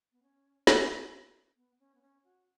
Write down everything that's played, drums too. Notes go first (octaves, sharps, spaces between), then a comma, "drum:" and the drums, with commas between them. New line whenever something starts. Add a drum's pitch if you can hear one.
B3
C#4
B3, drum: snare
B3
C#4
B3
C#4
F#4